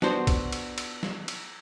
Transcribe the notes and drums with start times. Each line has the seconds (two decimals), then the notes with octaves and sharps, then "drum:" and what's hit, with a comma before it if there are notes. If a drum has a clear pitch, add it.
0.02 B3 D4 F#4 C5, drum: snare
0.27 drum: kick, cymbal
0.52 drum: cymbal
0.78 drum: cymbal
1.03 drum: snare
1.28 drum: cymbal